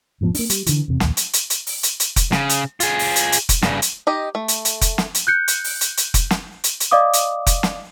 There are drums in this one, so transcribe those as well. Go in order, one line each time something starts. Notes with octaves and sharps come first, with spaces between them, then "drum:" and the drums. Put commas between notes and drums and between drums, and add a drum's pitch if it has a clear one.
E1 G#2 F3 B3
A#3 D4, drum: open hi-hat
G3, drum: hi-hat
D3 E3, drum: hi-hat
E2 C3
A#1 D#2, drum: snare
drum: hi-hat
drum: hi-hat
drum: hi-hat
drum: open hi-hat
drum: hi-hat
drum: hi-hat
drum: kick F1, hi-hat
C#3, drum: snare
drum: hi-hat
F4 G#4, drum: hi-hat
drum: open hi-hat
drum: hi-hat
drum: hi-hat
drum: kick F1, hi-hat
G2 C#3, drum: snare
drum: hi-hat
D#4 G4 D#5
A3
drum: hi-hat
drum: hi-hat
drum: kick F1, hi-hat
drum: snare
drum: hi-hat
F#6 G6 C#7
drum: hi-hat
drum: open hi-hat
drum: hi-hat
drum: hi-hat
drum: kick F1, hi-hat
drum: snare
drum: hi-hat
drum: hi-hat
D5 D#5 F5 D6 D#6
drum: hi-hat
drum: kick F1, hi-hat
drum: snare